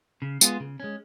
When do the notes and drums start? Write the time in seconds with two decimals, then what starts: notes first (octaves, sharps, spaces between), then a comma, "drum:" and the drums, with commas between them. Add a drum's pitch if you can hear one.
0.22 C#3
0.41 G#3 B3 F4 G#4, drum: tambourine
0.60 C#3
0.80 G#3 C#4